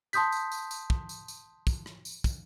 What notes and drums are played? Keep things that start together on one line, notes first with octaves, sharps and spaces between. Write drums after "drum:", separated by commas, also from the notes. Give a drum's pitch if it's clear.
A5 C6 D#6 G6 B6, drum: tambourine
drum: tambourine
drum: tambourine
drum: tambourine
drum: kick
drum: tambourine
drum: tambourine
drum: kick, tambourine
drum: rim click
drum: tambourine
drum: kick, tambourine